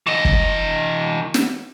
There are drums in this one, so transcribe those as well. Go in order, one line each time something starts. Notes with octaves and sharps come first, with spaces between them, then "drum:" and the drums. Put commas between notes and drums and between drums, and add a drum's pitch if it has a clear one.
E3 D#5
drum: kick
drum: snare